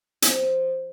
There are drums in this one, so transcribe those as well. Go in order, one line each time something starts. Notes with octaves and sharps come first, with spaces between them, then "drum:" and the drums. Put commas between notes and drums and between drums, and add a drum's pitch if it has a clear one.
F3, drum: hi-hat